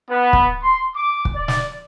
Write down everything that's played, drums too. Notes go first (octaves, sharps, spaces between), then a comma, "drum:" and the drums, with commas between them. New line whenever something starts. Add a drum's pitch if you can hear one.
B3
drum: kick
C6
D6
drum: kick
D5
drum: snare